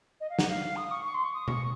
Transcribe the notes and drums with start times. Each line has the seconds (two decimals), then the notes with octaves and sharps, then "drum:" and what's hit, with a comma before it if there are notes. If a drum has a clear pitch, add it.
0.20 D#5
0.30 F5
0.39 F#5, drum: snare
0.49 F5
0.76 D#6
0.91 C#6
1.05 C#6
1.14 C6
1.24 C#6
1.34 D#6
1.48 C#6, drum: tom B2